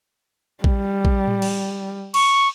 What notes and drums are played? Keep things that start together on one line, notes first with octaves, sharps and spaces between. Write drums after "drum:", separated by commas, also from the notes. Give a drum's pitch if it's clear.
G3, drum: kick A#1
drum: kick A#1
drum: tom A2
drum: cymbal
C#6, drum: cymbal